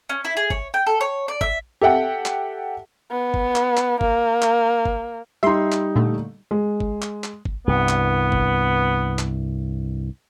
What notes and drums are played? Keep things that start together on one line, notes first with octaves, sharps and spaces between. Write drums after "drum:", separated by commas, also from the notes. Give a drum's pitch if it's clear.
C#4
E4
G#4
C#5, drum: kick
G5
A4
C#5
D5
E5, drum: kick
G4 A4 E5 F#5 G5
drum: clap
B3
drum: kick
drum: clap
drum: clap
A#3, drum: kick
drum: clap
drum: kick
G3 D#4 E5 C6
drum: clap
A#2 D3 A3
G#3
drum: kick
drum: clap
drum: clap
drum: kick
C2 G2 B3
drum: clap
drum: kick
drum: clap